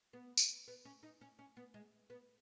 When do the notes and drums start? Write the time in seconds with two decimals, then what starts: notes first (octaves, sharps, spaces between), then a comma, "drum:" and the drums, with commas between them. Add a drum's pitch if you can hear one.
0.13 B3
0.37 drum: tambourine
0.68 B3
0.85 C#4
1.03 D#4
1.21 C#4
1.39 C#4
1.57 B3
1.74 G#3
2.10 B3